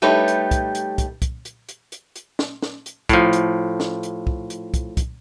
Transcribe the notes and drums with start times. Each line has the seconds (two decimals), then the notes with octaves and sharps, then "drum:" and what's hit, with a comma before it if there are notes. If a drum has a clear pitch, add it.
0.02 G3 A3 D#4 G4 B4 C#5
0.28 drum: hi-hat
0.51 drum: kick, hi-hat
0.75 drum: hi-hat
0.98 drum: kick, hi-hat
1.22 drum: kick, hi-hat
1.45 drum: hi-hat
1.69 drum: hi-hat
1.92 drum: hi-hat
2.16 drum: hi-hat
2.39 drum: snare
2.62 drum: snare
2.86 drum: hi-hat
3.09 A2 F3, drum: kick, hi-hat
3.33 drum: hi-hat
3.80 drum: snare
4.03 drum: hi-hat
4.27 drum: kick
4.50 drum: hi-hat
4.74 drum: kick, hi-hat
4.97 drum: kick, hi-hat